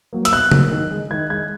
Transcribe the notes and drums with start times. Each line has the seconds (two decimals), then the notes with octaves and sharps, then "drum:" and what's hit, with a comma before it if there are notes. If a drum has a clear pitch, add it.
0.13 F#3 A#3
0.25 E6, drum: hi-hat
0.32 B2 F#6
0.52 F#3 A#3, drum: tom C#3
0.71 D#3
0.91 G#3
1.11 D#3 G#6
1.30 G#3 G#6